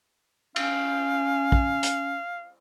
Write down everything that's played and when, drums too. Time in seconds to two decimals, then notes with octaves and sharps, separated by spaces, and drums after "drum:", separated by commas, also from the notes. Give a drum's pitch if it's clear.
0.56 C#4 F5, drum: cymbal
1.52 drum: kick
1.83 drum: hi-hat